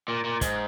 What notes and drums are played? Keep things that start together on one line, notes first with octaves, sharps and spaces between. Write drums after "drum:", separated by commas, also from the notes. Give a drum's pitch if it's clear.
A#2
A#2
G#2, drum: kick, hi-hat